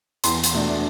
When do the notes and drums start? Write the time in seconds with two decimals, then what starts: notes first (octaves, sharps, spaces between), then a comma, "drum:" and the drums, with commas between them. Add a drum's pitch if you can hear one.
0.24 E2 C6, drum: hi-hat
0.44 drum: hi-hat
0.54 B2 A3 D4